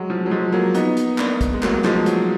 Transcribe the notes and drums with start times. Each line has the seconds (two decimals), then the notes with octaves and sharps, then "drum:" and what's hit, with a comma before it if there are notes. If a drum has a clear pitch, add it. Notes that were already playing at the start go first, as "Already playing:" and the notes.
Already playing: F#3 G#3
0.10 F3
0.26 F#3
0.31 F3 G#3
0.52 F#3 A#3
0.75 B3 D#4, drum: hi-hat
0.97 drum: hi-hat
1.18 A#3 D4, drum: clap
1.41 drum: kick, hi-hat
1.53 G#3
1.63 F#3 A#3, drum: clap
1.84 F3 G#3, drum: clap
2.06 F#3, drum: hi-hat